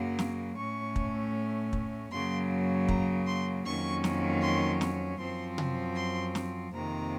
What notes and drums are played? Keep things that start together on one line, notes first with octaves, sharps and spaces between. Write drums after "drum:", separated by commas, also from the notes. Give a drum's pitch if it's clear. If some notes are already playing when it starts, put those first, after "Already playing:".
Already playing: F#2 C#3 F#3 A#3
drum: snare
A2 A3 C#4 C#6
drum: kick
drum: kick
F#2 C#3 F#3 A#3 C6
A#5, drum: kick
C6
F2 D#3 F#3 A#3 C#4 C#6
drum: snare
C6
drum: snare
F#2 F3 C4 C6
drum: tom C3
C6
drum: snare
F2 C3 D#3 A#3 A#5